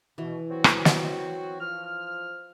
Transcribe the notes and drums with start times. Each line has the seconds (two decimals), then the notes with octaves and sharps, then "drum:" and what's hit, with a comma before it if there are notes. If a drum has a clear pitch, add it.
0.18 B2 E3
0.51 F#3 C4 F#4
0.64 drum: rim click
0.85 drum: snare
1.61 F3 F6